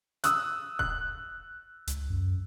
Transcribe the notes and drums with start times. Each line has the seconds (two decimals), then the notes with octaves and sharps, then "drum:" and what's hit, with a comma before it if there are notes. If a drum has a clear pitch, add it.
0.24 D#6 E6 F#6, drum: hi-hat
0.79 F#6, drum: kick D#1
1.87 C#2, drum: hi-hat
2.10 F#2